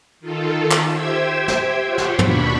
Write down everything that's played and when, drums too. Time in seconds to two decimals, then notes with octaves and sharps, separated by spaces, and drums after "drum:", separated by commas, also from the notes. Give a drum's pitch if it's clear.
0.20 D#3 F4 A4
0.71 drum: clap
0.93 G4 C5 E5 G5 E6 G#6
1.48 drum: snare
1.85 F4 G4 C5 C#5 F#5
1.98 drum: snare
2.19 D#2 B2 D4 B5 C#6 B6, drum: tom